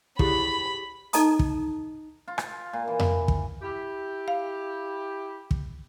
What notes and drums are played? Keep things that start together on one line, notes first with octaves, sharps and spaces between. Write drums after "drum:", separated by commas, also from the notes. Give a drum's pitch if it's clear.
E4 G4 G#4 B5, drum: kick
D#4 A4 D#5 A5 A#5 D#6, drum: hi-hat
drum: kick
F4
drum: rim click
A#2
E3
drum: tom F2
drum: kick
E4 G4
F5
drum: kick